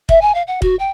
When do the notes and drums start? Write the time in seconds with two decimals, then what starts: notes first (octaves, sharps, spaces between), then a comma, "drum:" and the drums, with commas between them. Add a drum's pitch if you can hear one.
0.09 E5, drum: kick
0.21 G#5
0.34 F5
0.47 F#5
0.62 F#4, drum: kick
0.79 G5